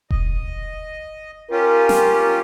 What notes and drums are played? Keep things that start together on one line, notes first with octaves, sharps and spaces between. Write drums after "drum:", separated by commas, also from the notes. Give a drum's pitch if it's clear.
D#5, drum: kick E1
C#4 F4 G4 A#4
drum: snare